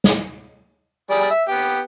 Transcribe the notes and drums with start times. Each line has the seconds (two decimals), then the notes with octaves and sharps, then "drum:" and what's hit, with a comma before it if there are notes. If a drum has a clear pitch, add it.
0.04 drum: snare
1.10 G3 G#4 D5
1.30 E5
1.48 B3 G4